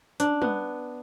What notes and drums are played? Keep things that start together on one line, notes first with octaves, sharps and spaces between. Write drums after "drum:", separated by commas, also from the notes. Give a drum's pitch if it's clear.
D4, drum: hi-hat
B3, drum: tom